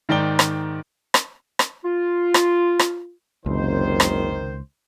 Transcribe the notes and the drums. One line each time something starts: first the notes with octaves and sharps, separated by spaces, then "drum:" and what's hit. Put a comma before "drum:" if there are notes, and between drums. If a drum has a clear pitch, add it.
G#2 D#3 D5 G5 G7
drum: rim click
drum: rim click
drum: rim click
F4
drum: rim click
drum: rim click
F#1 C#2 C3 D#3 C5
drum: rim click